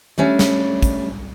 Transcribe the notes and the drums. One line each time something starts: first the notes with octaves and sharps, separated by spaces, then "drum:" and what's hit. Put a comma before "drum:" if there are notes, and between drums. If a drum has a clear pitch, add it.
G3 A3 C#4 D4
drum: snare
drum: kick, hi-hat